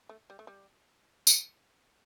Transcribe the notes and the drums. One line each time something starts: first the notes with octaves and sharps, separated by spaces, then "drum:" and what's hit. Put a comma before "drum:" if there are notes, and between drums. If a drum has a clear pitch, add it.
A3
G3
A3
G3
drum: tambourine